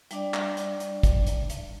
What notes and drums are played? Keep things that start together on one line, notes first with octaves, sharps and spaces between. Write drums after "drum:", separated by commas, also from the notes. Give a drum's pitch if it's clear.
G3 D4 D5, drum: hi-hat
drum: clap
drum: hi-hat
drum: hi-hat
drum: kick, hi-hat
drum: hi-hat
drum: hi-hat